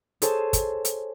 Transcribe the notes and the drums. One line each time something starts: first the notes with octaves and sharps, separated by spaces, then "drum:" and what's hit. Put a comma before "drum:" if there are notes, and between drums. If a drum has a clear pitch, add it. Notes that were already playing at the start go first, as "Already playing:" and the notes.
G#4 A4 C5 C#5 G#5 A5, drum: hi-hat
drum: kick, hi-hat
drum: hi-hat